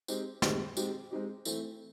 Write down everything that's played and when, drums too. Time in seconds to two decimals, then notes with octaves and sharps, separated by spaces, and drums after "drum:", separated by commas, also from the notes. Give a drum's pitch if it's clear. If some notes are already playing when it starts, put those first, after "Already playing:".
0.08 G#3 C4 D#4 G4, drum: tambourine
0.42 G#3 C4 D#4 G4, drum: snare
0.77 G#3 C4 D#4 G4, drum: tambourine
1.11 G#3 C4 D#4 G4
1.45 E3 A3 C4 E4, drum: tambourine